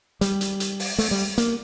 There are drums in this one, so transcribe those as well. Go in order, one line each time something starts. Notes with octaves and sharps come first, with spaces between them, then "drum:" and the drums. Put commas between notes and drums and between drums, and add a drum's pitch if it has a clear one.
G3, drum: hi-hat
drum: hi-hat
drum: hi-hat
drum: open hi-hat
A3, drum: open hi-hat
G3
A#3, drum: hi-hat